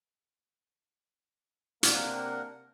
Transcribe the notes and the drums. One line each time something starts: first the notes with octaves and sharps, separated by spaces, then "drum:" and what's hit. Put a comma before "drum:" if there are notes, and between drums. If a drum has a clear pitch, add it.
C3 A#3 D4 A#4 F#5, drum: hi-hat